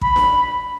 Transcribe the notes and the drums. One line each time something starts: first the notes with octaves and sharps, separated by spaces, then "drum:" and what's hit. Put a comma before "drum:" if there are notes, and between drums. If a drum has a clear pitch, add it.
B5, drum: kick
drum: snare D4